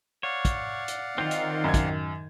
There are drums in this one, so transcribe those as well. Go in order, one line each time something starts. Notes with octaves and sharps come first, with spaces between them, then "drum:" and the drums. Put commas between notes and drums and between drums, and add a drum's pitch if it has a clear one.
C#5 D5 F5 F#5
drum: kick, hi-hat
drum: hi-hat
D#3 C4 F4 G6
drum: hi-hat
F#2 G#6
drum: kick, hi-hat